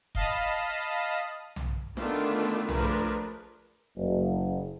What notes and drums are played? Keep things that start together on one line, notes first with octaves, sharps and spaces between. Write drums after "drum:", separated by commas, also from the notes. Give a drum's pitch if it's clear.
D#5 F5 A5 B5 D#6, drum: kick F1
drum: tom B1
D3 D#3 A3 B3 D4 F4, drum: snare
F3 A3 D4 G#4 A#4 B4, drum: tom B1
F#1